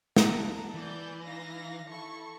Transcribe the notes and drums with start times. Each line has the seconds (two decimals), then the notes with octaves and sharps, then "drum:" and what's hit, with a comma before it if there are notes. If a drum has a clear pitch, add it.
0.16 F#5 A5 A#5, drum: snare
0.74 E3 D5 G6
1.24 D#4 F5 A#6
1.88 E4 A4 C#6